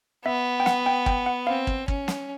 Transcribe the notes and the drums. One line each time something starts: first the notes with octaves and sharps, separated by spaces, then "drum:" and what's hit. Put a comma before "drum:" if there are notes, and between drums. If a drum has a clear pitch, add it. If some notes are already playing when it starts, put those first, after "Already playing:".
B3 E5
G5
F#5, drum: snare
G5
G5, drum: kick
F#5
C4 F5
drum: kick
C#4, drum: kick
drum: snare